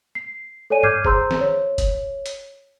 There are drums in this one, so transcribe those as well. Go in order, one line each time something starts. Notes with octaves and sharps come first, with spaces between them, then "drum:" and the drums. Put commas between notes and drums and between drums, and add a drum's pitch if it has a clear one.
C7
A4 C#5 D5 G#5 D#7
D6 F6 G6 G#6 C7 D#7, drum: tom G2
G#4 C5 A#5 C6 E6 G6, drum: kick F#1
drum: snare
C#5
drum: kick F#1, hi-hat
drum: hi-hat